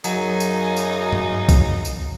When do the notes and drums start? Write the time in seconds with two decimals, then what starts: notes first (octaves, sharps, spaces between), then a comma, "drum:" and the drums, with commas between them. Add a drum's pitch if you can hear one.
0.04 F#2 C#3 F#3 D#4 G#5, drum: tambourine
0.40 drum: tambourine
0.76 drum: tambourine
1.13 drum: tom G2
1.49 drum: kick, tambourine
1.85 drum: tambourine